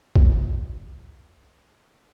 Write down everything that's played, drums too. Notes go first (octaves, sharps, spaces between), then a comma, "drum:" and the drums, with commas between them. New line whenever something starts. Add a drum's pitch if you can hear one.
drum: kick B1
G2 A5
C#2 C#3 B5
G3 B3 E4 G4 G#4 C#5